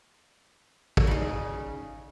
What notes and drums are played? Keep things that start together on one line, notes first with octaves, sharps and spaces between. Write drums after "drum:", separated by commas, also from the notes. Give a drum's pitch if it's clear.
drum: kick
C#3 D#4